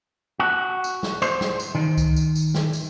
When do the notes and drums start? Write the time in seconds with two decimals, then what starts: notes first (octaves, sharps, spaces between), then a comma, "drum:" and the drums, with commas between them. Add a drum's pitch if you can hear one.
0.40 F#4
0.84 drum: tambourine
1.03 drum: snare
1.22 C5, drum: tambourine
1.41 drum: snare
1.60 drum: tambourine
1.75 D#3
1.98 drum: kick C#2, tambourine
2.16 drum: tambourine
2.35 drum: tambourine
2.54 drum: snare
2.73 drum: tambourine